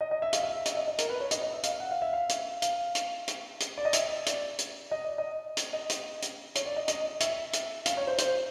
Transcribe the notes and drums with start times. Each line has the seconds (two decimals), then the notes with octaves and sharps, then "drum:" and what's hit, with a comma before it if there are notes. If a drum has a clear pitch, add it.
0.01 D#5
0.11 D#5
0.22 E5
0.33 F5, drum: hi-hat
0.43 E5
0.66 D#5, drum: hi-hat
0.77 D#5
0.87 D#5
0.98 A#4, drum: hi-hat
1.09 B4
1.20 C#5
1.31 D#5, drum: hi-hat
1.42 D#5
1.53 E5
1.63 F5, drum: hi-hat
1.80 F#5
1.91 F5
2.02 E5
2.13 F5
2.29 drum: hi-hat
2.62 F5, drum: hi-hat
2.95 drum: hi-hat
3.28 drum: hi-hat
3.60 drum: hi-hat
3.77 D5
3.85 D#5
3.93 E5, drum: hi-hat
4.26 D5, drum: hi-hat
4.59 drum: hi-hat
4.91 D#5
5.04 D5
5.18 D#5
5.57 drum: hi-hat
5.73 D#5
5.90 drum: hi-hat
6.22 drum: hi-hat
6.55 C#5, drum: hi-hat
6.66 D5
6.76 D#5
6.88 D#5, drum: hi-hat
7.20 E5, drum: hi-hat
7.53 drum: hi-hat
7.86 F5, drum: hi-hat
7.97 C#5
8.07 C5
8.18 C5, drum: hi-hat